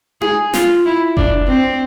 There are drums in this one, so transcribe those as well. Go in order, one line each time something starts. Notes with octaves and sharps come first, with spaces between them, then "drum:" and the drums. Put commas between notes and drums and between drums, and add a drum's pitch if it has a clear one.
G#4, drum: tom D#4
F4, drum: snare
E4
D4, drum: kick F#1
C4